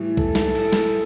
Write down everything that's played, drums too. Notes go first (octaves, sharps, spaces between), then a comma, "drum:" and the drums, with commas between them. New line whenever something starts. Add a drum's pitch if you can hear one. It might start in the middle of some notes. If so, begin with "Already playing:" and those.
Already playing: A2 E3 G3
A4, drum: kick
drum: snare
drum: cymbal
drum: snare